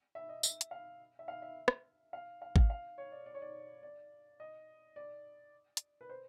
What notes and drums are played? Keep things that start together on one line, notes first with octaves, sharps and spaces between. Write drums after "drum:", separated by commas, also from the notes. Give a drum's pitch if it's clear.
E5
D#5
E5, drum: tambourine
drum: hi-hat
F5
E5
F5
E5
drum: rim click
F5
F5
F5, drum: kick G#1
F5
C#5
D5
D5
C#5
D5
D5
D#5
D5
drum: hi-hat
B4
C5